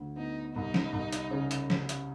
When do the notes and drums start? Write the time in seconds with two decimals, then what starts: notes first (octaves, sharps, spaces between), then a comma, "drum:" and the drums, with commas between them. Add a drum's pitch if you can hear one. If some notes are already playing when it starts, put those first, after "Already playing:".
Already playing: D2
0.17 B3 D#4
0.55 C2 D#4
0.74 drum: snare
0.93 C2
1.13 drum: hi-hat
1.31 C#3
1.51 drum: hi-hat
1.70 drum: snare
1.89 drum: hi-hat